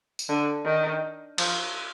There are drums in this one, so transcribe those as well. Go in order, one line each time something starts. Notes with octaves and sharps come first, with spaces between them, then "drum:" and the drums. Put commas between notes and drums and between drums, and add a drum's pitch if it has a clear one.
drum: tambourine
D3
D#3
F3, drum: cymbal